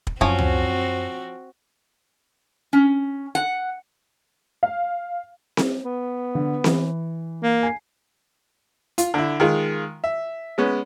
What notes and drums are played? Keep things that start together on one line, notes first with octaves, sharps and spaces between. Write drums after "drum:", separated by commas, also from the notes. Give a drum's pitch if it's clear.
drum: kick
F#2 F3 C4 C#4 F#4, drum: kick
drum: tom
C#4
F#5
F5
drum: snare C4
B3
D3
E3, drum: snare C4
A#3
G#5 C7
F4, drum: hi-hat
D3 E4
D#3 G#3 F4
E5
G#3 B3 C#4